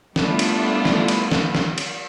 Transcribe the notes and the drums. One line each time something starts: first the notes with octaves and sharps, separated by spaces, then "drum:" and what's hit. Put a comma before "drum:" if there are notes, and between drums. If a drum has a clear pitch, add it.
G3 A3 B3 D4 E4 F4, drum: snare
drum: cymbal
drum: snare
drum: cymbal
drum: snare
drum: snare
drum: cymbal